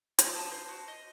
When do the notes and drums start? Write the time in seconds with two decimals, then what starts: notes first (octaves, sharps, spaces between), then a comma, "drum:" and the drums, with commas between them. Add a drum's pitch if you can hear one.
0.19 G6, drum: hi-hat
0.35 A5 D#6
0.51 C5
0.68 F#4
0.88 D#5